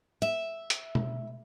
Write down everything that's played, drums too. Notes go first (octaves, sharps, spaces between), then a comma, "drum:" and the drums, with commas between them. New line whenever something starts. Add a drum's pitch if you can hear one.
E5
drum: hi-hat
drum: tom B2